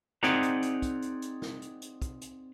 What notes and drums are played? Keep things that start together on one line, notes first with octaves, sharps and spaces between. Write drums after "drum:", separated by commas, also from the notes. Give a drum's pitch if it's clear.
C4 D#4 G#4 D5 F#5 A#5, drum: snare
drum: hi-hat
drum: hi-hat
drum: kick, hi-hat
drum: hi-hat
drum: hi-hat
drum: snare
drum: hi-hat
drum: hi-hat
drum: kick, hi-hat
drum: hi-hat